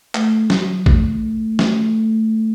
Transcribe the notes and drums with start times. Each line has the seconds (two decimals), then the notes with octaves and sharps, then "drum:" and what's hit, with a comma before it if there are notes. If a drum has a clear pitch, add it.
0.15 A3, drum: clap
0.50 F#3, drum: snare
0.86 A3, drum: kick
1.59 drum: snare